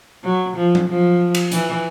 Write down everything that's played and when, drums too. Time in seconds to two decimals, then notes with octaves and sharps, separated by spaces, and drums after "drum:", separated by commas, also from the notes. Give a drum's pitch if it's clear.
0.24 F#3
0.56 F3
0.75 drum: tom F#3
0.88 F3
1.35 drum: cymbal
1.52 E3, drum: hi-hat